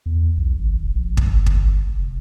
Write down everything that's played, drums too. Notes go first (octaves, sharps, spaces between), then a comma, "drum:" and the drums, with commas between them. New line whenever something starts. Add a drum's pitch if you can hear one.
E2
B1
G#1
E1
A#1
drum: kick
G1
drum: kick
F1